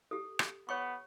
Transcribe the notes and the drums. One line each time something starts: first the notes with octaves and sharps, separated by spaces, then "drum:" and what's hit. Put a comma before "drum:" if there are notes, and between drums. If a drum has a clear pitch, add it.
G4 A4
drum: rim click
B3 C#5 G5 C#6